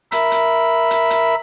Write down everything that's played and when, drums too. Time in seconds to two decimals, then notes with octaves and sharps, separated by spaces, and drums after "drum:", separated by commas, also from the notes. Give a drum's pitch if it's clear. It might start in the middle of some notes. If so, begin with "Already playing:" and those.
0.12 A#4 E5 B5, drum: hi-hat
0.32 drum: hi-hat
0.91 drum: hi-hat
1.10 drum: hi-hat